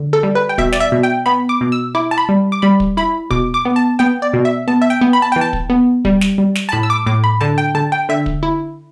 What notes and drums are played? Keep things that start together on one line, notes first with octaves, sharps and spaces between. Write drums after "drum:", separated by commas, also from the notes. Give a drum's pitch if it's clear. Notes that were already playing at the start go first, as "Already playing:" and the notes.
Already playing: D3
A4
G3
B4
G5
B2 E5, drum: kick
D5, drum: snare
E5
B2
G5
B3 B5
D6
B2
E6
E4 D6
A5
B5
G3
D6
G3 B5
drum: kick
E4 B5
B2 D6, drum: kick
D6
B3
A5
B3 G5
D5
B2
E5
B3 A5
E5
G5
B3
B5
A5
E3 G5
A5
drum: kick
B3
G3, drum: kick
drum: snare
G3
drum: snare
A5
A2 B5
E6
D6
A2 D6
B5
D3 A5
G5
D3 A5
G5
D3 E5
drum: kick
E4